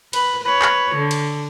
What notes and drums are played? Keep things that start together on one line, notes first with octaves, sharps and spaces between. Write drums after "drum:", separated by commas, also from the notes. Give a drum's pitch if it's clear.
B4, drum: cymbal
B4 C#5
drum: clap
D3
drum: cymbal